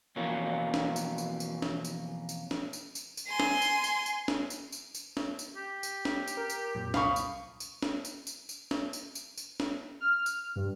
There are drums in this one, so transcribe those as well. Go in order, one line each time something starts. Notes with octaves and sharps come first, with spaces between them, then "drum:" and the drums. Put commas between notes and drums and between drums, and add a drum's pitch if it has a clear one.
F2 B2 E3 A#3 C#4
drum: snare
drum: tambourine
drum: tambourine
drum: tambourine
drum: snare
drum: tambourine
drum: tambourine
drum: snare
drum: tambourine
drum: tambourine
drum: tambourine
G#5 C6
drum: snare
drum: tambourine
drum: tambourine
drum: tambourine
drum: snare
drum: tambourine
drum: tambourine
drum: tambourine
drum: snare
drum: tambourine
G4
drum: tambourine
drum: snare
drum: tambourine
A#4
drum: tambourine
F2 A#2 F#3
C2 F5 B5 C#6 D#6, drum: snare
drum: tambourine
drum: tambourine
drum: snare
drum: tambourine
drum: tambourine
drum: tambourine
drum: snare
drum: tambourine
drum: tambourine
drum: tambourine
drum: snare
F6
drum: tambourine
G2